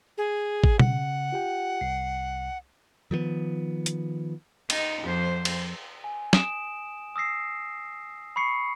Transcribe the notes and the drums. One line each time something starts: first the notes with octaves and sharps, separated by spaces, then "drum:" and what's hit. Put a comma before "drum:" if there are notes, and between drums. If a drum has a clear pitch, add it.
G#4
drum: kick G#1
C#3 F#5, drum: tom B2
F4 G4 G5
C2 C7
D#3 F3 G3 B3
drum: hi-hat
D#4, drum: cymbal
F2 C5
drum: cymbal
G#5
D#6 D7 E7, drum: snare
D#6 E6 A#6 C7
B5 C#6 C7 C#7